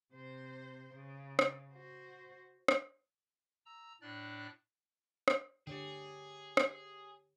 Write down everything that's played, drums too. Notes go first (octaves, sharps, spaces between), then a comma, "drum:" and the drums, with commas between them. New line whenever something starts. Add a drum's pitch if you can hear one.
C3 C5
C#3
drum: rim click
F#4 C5
drum: rim click
A#5 E6
A2 D4 D5 F#6
drum: rim click
D3 G4 G#4 C#5 G5
drum: rim click